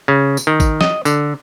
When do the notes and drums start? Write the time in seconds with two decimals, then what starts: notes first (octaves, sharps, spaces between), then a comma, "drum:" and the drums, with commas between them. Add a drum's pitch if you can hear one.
0.08 C#3
0.37 drum: tambourine
0.47 D#3
0.60 drum: kick A1, tambourine
0.81 D#5, drum: snare
1.05 D3, drum: tambourine